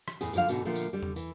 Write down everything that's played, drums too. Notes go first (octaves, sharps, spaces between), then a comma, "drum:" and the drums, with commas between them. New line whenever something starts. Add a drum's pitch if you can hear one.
drum: rim click
E2 A2 G#4, drum: tambourine
D2 D3 F3 D5 F5, drum: tambourine
G#2 B2 D3 D#4, drum: tambourine
A#2 D3 F3 A3 B3
drum: tambourine
D3 G3
drum: tom E2
E3, drum: tambourine